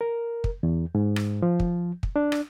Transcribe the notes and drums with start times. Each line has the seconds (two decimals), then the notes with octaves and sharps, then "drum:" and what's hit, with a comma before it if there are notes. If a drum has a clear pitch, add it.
0.01 A#4
0.44 drum: kick
0.63 E2
0.95 G#2
1.16 drum: rim click
1.42 F3
1.60 drum: kick
2.03 drum: kick
2.16 D4
2.32 drum: rim click